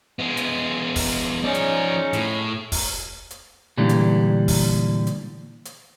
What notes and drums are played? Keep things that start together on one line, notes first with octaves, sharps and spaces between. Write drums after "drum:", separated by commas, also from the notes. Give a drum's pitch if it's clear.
G#3 B3
drum: hi-hat
drum: kick, open hi-hat
G#2 F3 C#4 D#4 D5
drum: hi-hat
A2, drum: hi-hat
drum: kick, open hi-hat
drum: hi-hat
A#2 D3 E3 G3 G#3
drum: hi-hat
drum: kick, open hi-hat
drum: hi-hat
drum: hi-hat